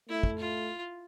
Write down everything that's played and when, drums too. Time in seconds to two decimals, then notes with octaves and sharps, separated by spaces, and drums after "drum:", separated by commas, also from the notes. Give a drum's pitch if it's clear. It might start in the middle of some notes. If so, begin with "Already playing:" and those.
0.09 A3 E4
0.23 drum: kick
0.39 F4